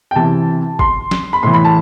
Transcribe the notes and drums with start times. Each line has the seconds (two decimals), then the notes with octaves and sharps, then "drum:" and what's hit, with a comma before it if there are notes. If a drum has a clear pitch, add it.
0.11 G5
0.15 C3 E3 A5
0.79 C6, drum: kick
1.11 drum: snare
1.33 B5
1.43 A2 E3 C6
1.54 B5
1.65 A5